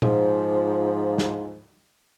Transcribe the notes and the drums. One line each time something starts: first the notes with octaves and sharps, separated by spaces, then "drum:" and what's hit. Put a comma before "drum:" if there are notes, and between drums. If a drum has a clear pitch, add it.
G#2 F3, drum: tom A#2
drum: snare